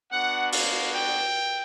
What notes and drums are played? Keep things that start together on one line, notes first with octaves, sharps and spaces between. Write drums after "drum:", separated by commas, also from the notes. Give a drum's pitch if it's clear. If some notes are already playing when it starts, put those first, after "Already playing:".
B3 D4 F#4 F#5
F5, drum: open hi-hat
G5